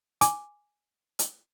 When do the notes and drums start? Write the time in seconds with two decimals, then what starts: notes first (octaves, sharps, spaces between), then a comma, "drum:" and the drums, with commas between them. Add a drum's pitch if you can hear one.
0.21 G#5 D6, drum: hi-hat
1.19 drum: hi-hat